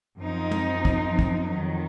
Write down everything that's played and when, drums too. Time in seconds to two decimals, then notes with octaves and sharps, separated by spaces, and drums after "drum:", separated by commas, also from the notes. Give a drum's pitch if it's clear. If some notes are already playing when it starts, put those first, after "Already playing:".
0.18 F#2 F3 C4 D#4
0.51 drum: tom
0.85 drum: kick
1.19 drum: kick
1.52 F2 D#3 F#3